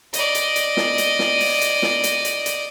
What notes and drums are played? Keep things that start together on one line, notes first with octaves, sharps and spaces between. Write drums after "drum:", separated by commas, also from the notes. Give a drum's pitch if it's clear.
D5 D#5, drum: hi-hat
drum: hi-hat
drum: hi-hat
drum: snare
drum: hi-hat
drum: snare
drum: open hi-hat
drum: hi-hat
drum: snare
drum: hi-hat
drum: hi-hat
drum: hi-hat